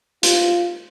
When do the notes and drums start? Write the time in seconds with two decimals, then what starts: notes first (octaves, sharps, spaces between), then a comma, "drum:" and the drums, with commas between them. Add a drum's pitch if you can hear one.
0.23 F4, drum: hi-hat